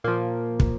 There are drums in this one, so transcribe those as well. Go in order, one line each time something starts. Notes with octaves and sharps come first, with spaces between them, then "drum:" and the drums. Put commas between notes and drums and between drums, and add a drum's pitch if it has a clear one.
A#2 F3 A#3
drum: kick